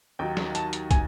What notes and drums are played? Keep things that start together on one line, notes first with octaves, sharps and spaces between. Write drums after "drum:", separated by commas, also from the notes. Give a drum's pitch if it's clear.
D#2 D#3 F#3 G5
drum: snare
A5, drum: hi-hat
drum: hi-hat
G#5, drum: kick, hi-hat